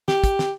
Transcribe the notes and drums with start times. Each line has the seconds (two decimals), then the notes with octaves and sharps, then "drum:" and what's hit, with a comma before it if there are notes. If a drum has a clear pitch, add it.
0.08 G4, drum: snare
0.24 drum: kick, hi-hat
0.39 drum: snare